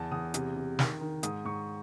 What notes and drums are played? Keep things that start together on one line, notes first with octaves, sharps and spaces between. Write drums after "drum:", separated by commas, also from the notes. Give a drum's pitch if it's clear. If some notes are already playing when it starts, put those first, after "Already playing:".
Already playing: E2 A5
E2 D#6
C3, drum: hi-hat
C3
D#3, drum: snare
D#3
G#2 D#6, drum: hi-hat
G#2 C#6